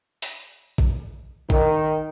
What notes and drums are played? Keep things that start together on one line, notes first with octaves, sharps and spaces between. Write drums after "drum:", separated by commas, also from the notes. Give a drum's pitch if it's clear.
drum: open hi-hat
drum: kick A1
D#3, drum: kick A1